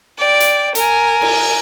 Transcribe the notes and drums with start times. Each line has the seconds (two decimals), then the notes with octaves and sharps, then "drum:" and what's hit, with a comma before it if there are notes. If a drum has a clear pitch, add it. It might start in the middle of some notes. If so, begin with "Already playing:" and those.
0.18 D5 G5
0.40 drum: hi-hat
0.75 A#4 G#5, drum: hi-hat
1.21 drum: cymbal